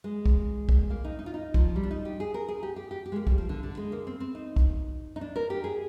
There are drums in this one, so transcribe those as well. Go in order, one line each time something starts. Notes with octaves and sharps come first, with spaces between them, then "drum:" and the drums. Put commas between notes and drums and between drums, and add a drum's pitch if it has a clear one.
G#3
drum: kick
drum: kick
A#3
D#4
D#4
F4
D#4
F3, drum: kick
G3
D4
D#4
G4
G#4
A#4
G#4
G4
G4
G4
G4
G#3
A#3
G3, drum: kick
F3
D3
D3
G#3
A#3
C4
C4
D#4
drum: kick
D#4
D4
A#4
G4
G#4